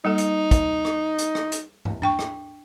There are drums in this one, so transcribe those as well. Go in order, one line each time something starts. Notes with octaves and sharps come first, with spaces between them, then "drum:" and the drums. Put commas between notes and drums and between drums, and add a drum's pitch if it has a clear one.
G3 A#3 D#4 A4
drum: hi-hat
drum: kick, hi-hat
drum: rim click
drum: hi-hat
drum: rim click
drum: hi-hat
drum: tom
D4 G5 C#6, drum: tom
drum: rim click